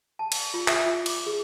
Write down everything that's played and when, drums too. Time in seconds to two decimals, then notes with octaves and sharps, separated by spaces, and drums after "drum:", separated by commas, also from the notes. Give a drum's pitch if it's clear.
0.19 A5
0.32 drum: cymbal
0.54 F4
0.68 E5, drum: clap
0.86 F4
1.06 D6, drum: cymbal
1.26 G#4